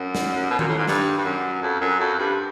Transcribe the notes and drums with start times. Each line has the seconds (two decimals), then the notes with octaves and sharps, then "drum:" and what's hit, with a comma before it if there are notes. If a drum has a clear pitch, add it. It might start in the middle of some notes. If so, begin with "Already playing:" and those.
Already playing: F#2
0.15 drum: snare
0.50 B2
0.59 A#2, drum: tom D#3
0.68 A2
0.78 G#2
0.88 G2, drum: snare
1.18 G2
1.24 F#2
1.62 F2
1.81 F#2
2.00 F2
2.19 G2